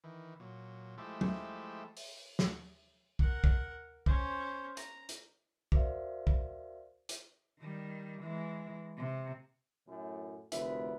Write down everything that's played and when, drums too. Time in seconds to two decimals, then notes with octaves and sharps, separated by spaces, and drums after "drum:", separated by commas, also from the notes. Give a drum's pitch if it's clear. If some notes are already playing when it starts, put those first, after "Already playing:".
0.04 D#3 E3
0.40 A#2 F#3
0.98 F3 G#3 A3 E4 G4 A4
1.21 drum: tom F#3
1.97 drum: open hi-hat
2.39 drum: snare
3.19 A#4 F#5, drum: kick
3.44 drum: kick
4.06 C#4 C5, drum: kick
4.77 A#5, drum: hi-hat
5.09 drum: hi-hat
5.72 F#4 A#4 C5 D5 E5 F5, drum: kick
6.27 drum: kick
7.09 drum: hi-hat
7.60 D#3 G3
8.22 E3 G#3
8.98 C3
9.87 F#2 A2
10.52 F1 D2 A#4 B4 E5, drum: hi-hat